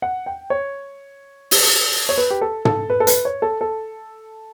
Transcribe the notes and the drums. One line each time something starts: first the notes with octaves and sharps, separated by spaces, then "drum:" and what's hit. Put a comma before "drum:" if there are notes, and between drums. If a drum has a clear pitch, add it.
F#5
G5
C#5
drum: open hi-hat
C#5
B4
G4
A4
A4, drum: tom
B4
A4
B4, drum: hi-hat
C#5
A4
A4